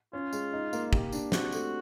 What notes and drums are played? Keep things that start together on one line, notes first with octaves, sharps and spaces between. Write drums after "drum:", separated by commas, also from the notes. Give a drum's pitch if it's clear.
C#4 F4
G#3, drum: tambourine
D#4
A#3, drum: tambourine
G4, drum: kick
D4, drum: tambourine
C4 F#4, drum: snare
A3, drum: tambourine